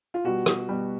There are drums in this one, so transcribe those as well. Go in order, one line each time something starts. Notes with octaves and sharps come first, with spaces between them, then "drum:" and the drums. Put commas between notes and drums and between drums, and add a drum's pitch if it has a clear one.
F4
B2 G3 F#4
drum: rim click
B2 G3